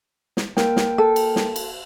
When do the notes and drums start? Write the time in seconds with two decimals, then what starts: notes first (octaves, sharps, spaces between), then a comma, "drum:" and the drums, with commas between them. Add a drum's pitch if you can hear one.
0.37 drum: snare
0.57 A#3 A#4 G5, drum: snare
0.76 drum: snare
0.98 A4
1.16 drum: cymbal
1.36 drum: snare
1.56 drum: cymbal